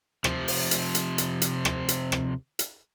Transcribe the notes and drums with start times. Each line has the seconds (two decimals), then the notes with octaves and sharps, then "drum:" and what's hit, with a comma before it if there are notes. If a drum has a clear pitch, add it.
0.24 C3 F3, drum: rim click
0.48 drum: open hi-hat
0.71 drum: hi-hat
0.95 drum: hi-hat
1.18 drum: hi-hat
1.42 drum: hi-hat
1.65 drum: rim click
1.88 drum: hi-hat
2.12 drum: rim click
2.59 drum: hi-hat